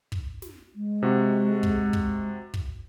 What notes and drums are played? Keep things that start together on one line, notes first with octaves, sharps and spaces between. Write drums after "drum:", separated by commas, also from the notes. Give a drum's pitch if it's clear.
drum: kick
drum: snare
G#3
C3 F#4
drum: kick
drum: kick
drum: kick